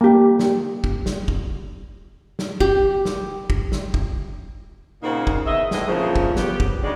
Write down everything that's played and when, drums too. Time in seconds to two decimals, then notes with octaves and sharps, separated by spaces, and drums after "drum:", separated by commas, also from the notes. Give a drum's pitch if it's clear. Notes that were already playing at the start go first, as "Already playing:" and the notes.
0.01 A#3 G4
0.39 drum: snare
0.84 drum: kick
1.06 drum: snare
1.28 drum: kick
2.39 drum: snare
2.60 G4, drum: kick
3.05 drum: snare
3.50 drum: kick
3.72 drum: snare
3.94 drum: kick
5.02 A#2 C#3 A#3 C4 D#4 F#5
5.27 drum: kick
5.46 E2 D#5 E5
5.71 A2 E3 G#3 D#5, drum: snare
5.87 F2 A#2 C#3 F3
6.16 drum: kick
6.36 B3 G4, drum: snare
6.60 drum: kick
6.82 D2 C#3 G#3 D#4 D5